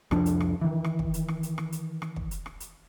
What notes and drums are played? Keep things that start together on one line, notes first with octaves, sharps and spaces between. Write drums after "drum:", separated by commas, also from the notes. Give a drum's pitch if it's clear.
C2 F2 F3 D4, drum: rim click
drum: hi-hat
drum: rim click
D#3 E3
drum: rim click
drum: kick
drum: hi-hat
drum: rim click
drum: hi-hat
drum: rim click
drum: hi-hat
drum: rim click
drum: kick
drum: hi-hat
drum: rim click
drum: hi-hat